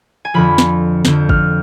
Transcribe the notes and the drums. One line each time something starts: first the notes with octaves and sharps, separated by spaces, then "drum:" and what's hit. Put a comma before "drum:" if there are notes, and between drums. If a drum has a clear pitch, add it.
G#5
F2 D3 F3 B5
drum: snare
F2 D3 F3 G6, drum: snare
F6, drum: kick G1